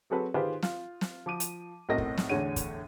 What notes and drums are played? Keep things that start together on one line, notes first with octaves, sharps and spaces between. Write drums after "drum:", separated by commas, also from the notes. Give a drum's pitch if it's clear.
F#3 C4 F#4 G#4 A4 B4
D#3 F4 G4 G#4 B4 C5
F4, drum: snare
drum: snare
F3 D6 D#7
drum: hi-hat
B1 A2 C4 A#4 D#5 A#6
drum: kick
drum: snare
E2 A2 D3 C#5 D#7
drum: kick, hi-hat